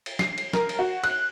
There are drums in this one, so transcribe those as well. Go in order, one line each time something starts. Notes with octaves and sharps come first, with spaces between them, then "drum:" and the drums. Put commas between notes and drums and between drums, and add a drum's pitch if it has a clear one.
drum: cymbal
C7, drum: snare
drum: cymbal
A#4, drum: snare
drum: cymbal
F#4
F#6, drum: cymbal